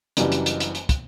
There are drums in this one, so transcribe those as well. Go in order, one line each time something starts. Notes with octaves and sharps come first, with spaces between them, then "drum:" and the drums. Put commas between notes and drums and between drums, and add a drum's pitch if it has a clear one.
F#1 F#2 E3 G3 D4, drum: hi-hat
drum: hi-hat
drum: hi-hat
drum: hi-hat
drum: hi-hat
drum: kick, hi-hat